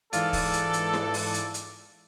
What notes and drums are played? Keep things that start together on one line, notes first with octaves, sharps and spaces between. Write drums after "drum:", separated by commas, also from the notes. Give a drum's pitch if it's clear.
G#2 E3 F4 A4 D5, drum: hi-hat
drum: kick, open hi-hat
drum: hi-hat
drum: hi-hat
drum: snare E4
drum: open hi-hat
drum: hi-hat
drum: hi-hat